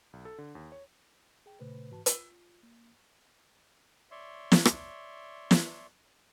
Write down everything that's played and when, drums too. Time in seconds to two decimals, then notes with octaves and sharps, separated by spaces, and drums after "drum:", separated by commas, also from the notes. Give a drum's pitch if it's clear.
0.13 B1
0.25 A4
0.38 D3
0.55 D#2
0.72 C#5
1.46 G#4 G5
1.59 A#2 C#3 A3 B4 C5
1.91 G#2 E3 F#4 B4 A5
2.06 F4, drum: hi-hat
2.63 A#3
4.11 C#5 D5 E5 C6
4.52 drum: snare
4.65 drum: rim click
5.51 drum: snare